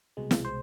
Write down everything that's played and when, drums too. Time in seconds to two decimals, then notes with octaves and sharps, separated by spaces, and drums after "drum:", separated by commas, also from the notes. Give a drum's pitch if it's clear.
0.17 C2 B2 G#3
0.31 drum: snare
0.45 C5